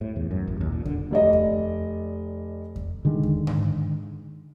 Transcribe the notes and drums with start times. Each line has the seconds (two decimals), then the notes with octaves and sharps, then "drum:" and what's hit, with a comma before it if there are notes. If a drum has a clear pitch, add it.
0.01 A2
0.16 E2
0.31 F#2
0.47 A1
0.61 D#2
0.72 A#2
0.85 D3, drum: kick E2
1.11 F1 D5 D#5
1.33 drum: kick E2
2.76 drum: kick E2
3.05 D3 D#3 G#3
3.23 drum: kick E2
3.47 drum: tom G#2